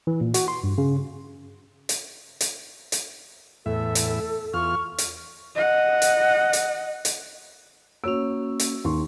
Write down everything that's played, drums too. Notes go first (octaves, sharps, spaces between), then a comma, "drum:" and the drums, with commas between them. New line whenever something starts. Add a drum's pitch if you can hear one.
E3
A#2
F#4, drum: hi-hat
C6
G2
C#3
drum: hi-hat
drum: hi-hat
drum: hi-hat
E2 A2 A4 E5
drum: hi-hat
E2 F4 C#6 F6
drum: hi-hat
D#5 F#5
drum: hi-hat
drum: hi-hat
drum: hi-hat
A#3 C#4 F#4 C#5 E6
drum: hi-hat
D#2 C6 C#6